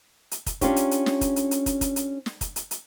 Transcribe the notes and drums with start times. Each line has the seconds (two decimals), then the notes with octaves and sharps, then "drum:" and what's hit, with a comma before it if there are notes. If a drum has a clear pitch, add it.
0.31 drum: hi-hat
0.46 drum: kick, hi-hat
0.61 C#4 D4 F4 G4 C#5, drum: kick, hi-hat
0.76 drum: hi-hat
0.91 drum: hi-hat
1.06 drum: snare
1.21 drum: kick, hi-hat
1.36 drum: hi-hat
1.51 drum: hi-hat
1.66 drum: kick, hi-hat
1.81 drum: kick, hi-hat
1.96 drum: hi-hat
2.26 drum: snare
2.41 drum: kick, hi-hat
2.56 drum: hi-hat
2.71 drum: hi-hat